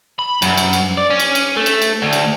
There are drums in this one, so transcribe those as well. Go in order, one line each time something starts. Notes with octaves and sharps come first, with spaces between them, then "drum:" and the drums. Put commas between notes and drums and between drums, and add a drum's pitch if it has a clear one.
B5
F#2, drum: cymbal
drum: cymbal
drum: cymbal
D5
C#4
drum: cymbal
drum: cymbal
A3
drum: cymbal
drum: cymbal
D2
drum: cymbal